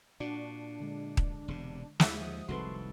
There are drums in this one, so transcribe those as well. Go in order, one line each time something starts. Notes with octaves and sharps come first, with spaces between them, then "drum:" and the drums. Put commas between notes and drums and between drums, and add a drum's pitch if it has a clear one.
A#2 D4 F#4
D3 G#3
drum: kick D#1
E1 C3
D#2 G#3 E4 E5 F#5, drum: snare
F3 D#6
F1 C2 D#3 F#4 A4 B4 C6